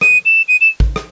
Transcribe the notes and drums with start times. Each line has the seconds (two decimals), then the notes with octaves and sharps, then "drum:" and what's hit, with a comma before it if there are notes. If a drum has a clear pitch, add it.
0.01 D#7, drum: rim click
0.25 E7
0.48 D#7
0.61 E7
0.80 drum: kick
0.96 drum: rim click